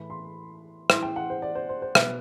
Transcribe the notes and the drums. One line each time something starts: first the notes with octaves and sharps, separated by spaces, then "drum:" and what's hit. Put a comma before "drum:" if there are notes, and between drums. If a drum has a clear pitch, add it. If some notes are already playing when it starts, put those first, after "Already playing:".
Already playing: A2 E3 B5
C6
A2 E3 C6, drum: rim click
G5
F#5
C5
D5
C5
C5
C5
B2 B4, drum: rim click